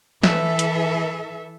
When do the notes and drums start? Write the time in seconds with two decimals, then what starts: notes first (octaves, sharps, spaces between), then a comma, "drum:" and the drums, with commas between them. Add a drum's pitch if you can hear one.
0.23 E3 A4 E5, drum: snare
0.59 drum: hi-hat